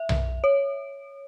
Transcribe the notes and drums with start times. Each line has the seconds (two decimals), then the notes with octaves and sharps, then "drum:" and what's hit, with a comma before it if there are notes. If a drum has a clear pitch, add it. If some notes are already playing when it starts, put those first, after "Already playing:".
Already playing: E5
0.09 drum: tom B1
0.44 C#5